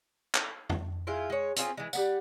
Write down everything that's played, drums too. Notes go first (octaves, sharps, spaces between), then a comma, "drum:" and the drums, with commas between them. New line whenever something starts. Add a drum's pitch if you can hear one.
drum: clap
drum: tom
G#3 E4 F4 G5
G#3 C#5
C4 C#4 F4 G#4, drum: hi-hat
E3 G#3
G3 B3 F#5, drum: tambourine